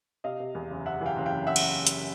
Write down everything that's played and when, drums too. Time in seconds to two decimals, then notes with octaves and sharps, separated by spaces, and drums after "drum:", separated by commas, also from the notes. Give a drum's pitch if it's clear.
0.24 C3 D#5 F5
0.40 C3
0.55 E2
0.71 F#1
0.86 F#1 E5 F#5
1.01 E3 F5 G5
1.16 F#1
1.26 F5 G5
1.31 F#1
1.46 E5 F#5
1.56 drum: cymbal
1.87 drum: hi-hat